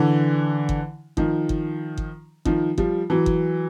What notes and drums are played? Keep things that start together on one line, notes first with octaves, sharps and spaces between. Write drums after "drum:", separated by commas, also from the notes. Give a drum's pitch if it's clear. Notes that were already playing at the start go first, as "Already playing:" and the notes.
Already playing: D3 E3
drum: kick G1
D#3 F3, drum: kick G1
drum: kick G1
drum: kick G1
D#3 F3, drum: kick G1
F3 G3, drum: kick G1
E3 F#3
drum: kick G1